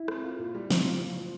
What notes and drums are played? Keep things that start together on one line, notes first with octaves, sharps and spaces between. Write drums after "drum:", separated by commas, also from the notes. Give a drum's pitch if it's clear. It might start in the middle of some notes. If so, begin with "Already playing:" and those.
Already playing: E4
C4, drum: rim click
F4
A#2
G3
C4, drum: snare
F4
A#2
F3